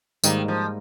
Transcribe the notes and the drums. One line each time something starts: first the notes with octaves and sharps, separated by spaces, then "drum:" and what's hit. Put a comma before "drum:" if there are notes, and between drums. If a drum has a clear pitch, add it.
G#2 D#3 G3 A#3, drum: tambourine
F3